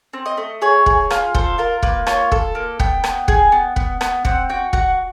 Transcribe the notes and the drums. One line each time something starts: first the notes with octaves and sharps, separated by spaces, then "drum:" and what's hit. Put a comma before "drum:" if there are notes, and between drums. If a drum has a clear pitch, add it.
C4
D#5
A3
G#4 C#5
G#4, drum: kick
F4, drum: rim click
A4 C5, drum: kick
F4 A#4
A#3 B4, drum: kick
F4 C#5, drum: rim click
A4, drum: kick
A#3
B3 G5, drum: kick
B3, drum: rim click
G#4, drum: kick
B3
B3, drum: kick
B3, drum: rim click
C4 F#5, drum: kick
F#4 G5
F#4 F#5, drum: kick